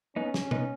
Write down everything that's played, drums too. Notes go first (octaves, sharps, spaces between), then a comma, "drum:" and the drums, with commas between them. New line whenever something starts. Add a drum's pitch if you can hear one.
B3 C#4 D#4
drum: snare
B3 D#4, drum: tom B2